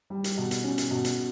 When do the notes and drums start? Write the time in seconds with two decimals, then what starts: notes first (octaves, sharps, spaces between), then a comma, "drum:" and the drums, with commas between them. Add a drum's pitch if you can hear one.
0.10 G3
0.24 drum: hi-hat
0.37 B2
0.51 drum: hi-hat
0.64 C#4
0.78 drum: hi-hat
0.91 B2
1.04 drum: hi-hat